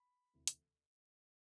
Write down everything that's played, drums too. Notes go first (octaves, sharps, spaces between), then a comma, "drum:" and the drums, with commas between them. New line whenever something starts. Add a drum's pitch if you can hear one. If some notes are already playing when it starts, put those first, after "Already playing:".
Already playing: B5
E1 D2 C3 E3 A3
drum: hi-hat